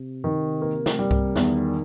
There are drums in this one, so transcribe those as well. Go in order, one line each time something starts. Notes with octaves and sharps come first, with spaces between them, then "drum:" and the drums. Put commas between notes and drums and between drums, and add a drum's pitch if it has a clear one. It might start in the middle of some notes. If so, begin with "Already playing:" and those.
Already playing: C3
D#3
A#3
drum: snare
G3
drum: kick C2
E2 D#3, drum: snare